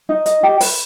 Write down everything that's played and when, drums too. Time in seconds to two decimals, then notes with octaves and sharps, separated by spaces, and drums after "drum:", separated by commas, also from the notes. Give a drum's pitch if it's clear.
0.09 D#4
0.26 D#5, drum: hi-hat
0.43 G4
0.60 B4, drum: open hi-hat